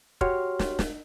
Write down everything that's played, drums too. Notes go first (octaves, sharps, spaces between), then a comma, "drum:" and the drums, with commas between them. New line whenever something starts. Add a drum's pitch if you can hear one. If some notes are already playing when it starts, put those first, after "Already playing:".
F#4 G4 C#5 C6 F6, drum: kick
drum: snare
drum: snare